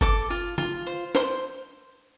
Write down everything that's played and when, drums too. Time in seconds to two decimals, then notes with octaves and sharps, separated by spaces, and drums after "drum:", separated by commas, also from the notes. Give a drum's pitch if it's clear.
0.01 A4 D6, drum: kick F#1
0.30 F4, drum: tambourine
0.58 F4, drum: tom
0.87 C5
1.15 C5 C6, drum: snare